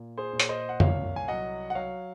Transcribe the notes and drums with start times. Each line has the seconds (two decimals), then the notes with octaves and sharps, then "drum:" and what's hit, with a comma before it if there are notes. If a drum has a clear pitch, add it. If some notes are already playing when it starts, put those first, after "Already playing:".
Already playing: A#2
0.18 G#4 C5
0.33 A#2
0.40 C#5, drum: hi-hat
0.49 C5 D#5
0.69 F#5
0.80 C2 C#5 F5, drum: tom
1.16 G#5
1.28 F#3 D#5 F#5
1.70 F#5
1.75 F#3 C#5 F5